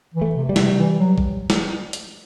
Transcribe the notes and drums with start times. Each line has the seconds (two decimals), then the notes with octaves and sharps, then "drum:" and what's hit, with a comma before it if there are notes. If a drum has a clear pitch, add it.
0.14 E3
0.21 A3
0.35 C3
0.49 G3
0.56 C3, drum: snare
0.77 E3
0.98 F#3
1.18 drum: kick A1
1.50 drum: snare
1.93 drum: hi-hat